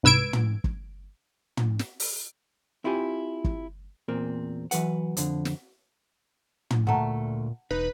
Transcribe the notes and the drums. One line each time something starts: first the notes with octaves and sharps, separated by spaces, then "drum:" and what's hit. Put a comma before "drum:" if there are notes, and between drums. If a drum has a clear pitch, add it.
C2 G#2 B4 E6 G#6 D7
drum: tom
drum: kick
drum: tom
drum: snare
drum: open hi-hat
C4 E4 F4 G4 G#5
drum: kick
E2 A#2 C4 A#4
E3 F#3 B4 F#5, drum: hi-hat
F2 D3, drum: hi-hat
drum: snare
drum: tom
D2 A#2 A3 F#5 A5 A#5
E1 D#4 B4